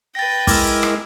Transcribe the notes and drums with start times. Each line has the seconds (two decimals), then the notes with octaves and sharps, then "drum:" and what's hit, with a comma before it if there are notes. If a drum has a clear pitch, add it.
0.15 B4 G5 A6 A#6
0.47 G#3 E4 A#4 D6 E6, drum: kick, open hi-hat
0.83 drum: rim click